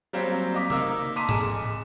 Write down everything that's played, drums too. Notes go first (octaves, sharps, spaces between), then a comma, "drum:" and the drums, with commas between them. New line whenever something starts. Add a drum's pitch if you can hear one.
F#3 G3 A#3 C4 C#4 C5
D#5 F5 D6 B6
A#3 D#4 A#4 D6 E6, drum: tom C3
A5 A#5 C6 D6 B6 D#7
F1 G#3 G#5 D6 E7, drum: tom G#2